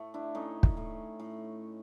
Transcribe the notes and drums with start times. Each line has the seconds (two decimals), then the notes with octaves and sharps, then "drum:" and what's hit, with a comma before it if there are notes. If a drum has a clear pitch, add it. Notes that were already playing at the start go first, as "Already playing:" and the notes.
Already playing: A2 A3
0.14 D4 E4
0.35 A2 C#4 D#4
0.63 drum: kick
0.77 A2
1.20 A2